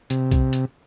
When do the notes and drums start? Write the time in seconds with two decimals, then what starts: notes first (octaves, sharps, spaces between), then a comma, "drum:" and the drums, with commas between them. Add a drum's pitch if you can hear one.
0.10 C3, drum: hi-hat
0.31 drum: kick B1, hi-hat
0.53 drum: hi-hat